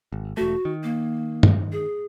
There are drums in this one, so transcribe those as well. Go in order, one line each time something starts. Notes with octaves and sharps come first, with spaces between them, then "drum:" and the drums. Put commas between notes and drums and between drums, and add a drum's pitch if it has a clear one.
G#1
E1 A3 F#4
D#3
A#3
drum: tom
G#4